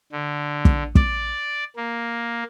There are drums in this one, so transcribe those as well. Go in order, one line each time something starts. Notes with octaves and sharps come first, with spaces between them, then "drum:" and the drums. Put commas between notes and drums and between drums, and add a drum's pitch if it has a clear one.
D3
drum: kick
D5, drum: kick
A#3